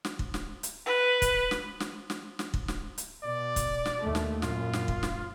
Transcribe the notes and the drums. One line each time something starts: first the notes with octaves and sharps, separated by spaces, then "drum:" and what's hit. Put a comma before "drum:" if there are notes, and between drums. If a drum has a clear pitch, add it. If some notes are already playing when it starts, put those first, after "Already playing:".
drum: snare
drum: kick
drum: snare
drum: hi-hat
B4
drum: kick, hi-hat
drum: snare
drum: snare
drum: snare
drum: snare
drum: kick
drum: snare
drum: hi-hat
B2 D5
drum: kick, hi-hat
drum: snare
D#2 A3
drum: snare
F#2 A#2 F4, drum: snare
drum: snare
drum: kick
drum: snare